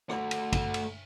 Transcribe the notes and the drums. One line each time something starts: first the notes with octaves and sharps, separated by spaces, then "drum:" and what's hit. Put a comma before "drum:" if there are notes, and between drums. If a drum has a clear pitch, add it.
A3 F#4, drum: rim click
drum: cymbal
drum: kick, cymbal
drum: cymbal